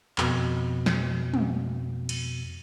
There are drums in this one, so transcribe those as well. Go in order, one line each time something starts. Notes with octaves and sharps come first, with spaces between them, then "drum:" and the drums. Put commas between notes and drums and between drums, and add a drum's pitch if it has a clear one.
F2 B2, drum: clap
drum: snare
drum: tom
drum: cymbal